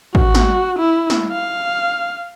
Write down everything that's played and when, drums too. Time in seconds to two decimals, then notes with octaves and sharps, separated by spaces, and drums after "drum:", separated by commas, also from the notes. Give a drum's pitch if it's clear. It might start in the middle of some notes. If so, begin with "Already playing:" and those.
0.15 F#4, drum: kick
0.35 drum: snare
0.79 E4
1.10 drum: snare
1.31 F5